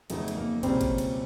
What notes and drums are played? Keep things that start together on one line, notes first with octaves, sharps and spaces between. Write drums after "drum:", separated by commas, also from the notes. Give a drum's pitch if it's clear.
F2 C#3 F#3 A3 B3 D#4, drum: cymbal
drum: cymbal
A#3
C#2 B2 G3 A#3 C4 C#4, drum: cymbal
drum: kick G#1, cymbal
drum: cymbal